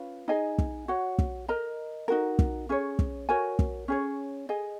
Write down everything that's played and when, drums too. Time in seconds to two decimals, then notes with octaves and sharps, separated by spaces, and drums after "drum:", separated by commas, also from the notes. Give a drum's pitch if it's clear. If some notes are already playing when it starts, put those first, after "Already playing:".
Already playing: C#4 F4 B4
0.28 D#4 G#4 D#5 G#5
0.58 drum: kick
0.88 F#4 C#5 F#5
1.19 drum: kick
1.49 A#4 D#5 A#5
2.08 D#4 F#4 A#4
2.39 drum: kick
2.69 C#4 G#4 C#5
2.99 drum: kick
3.29 F#4 A#4 C#5 G#5
3.59 drum: kick
3.88 C#4 G#4 C#5
4.49 G#4 D#5 G#5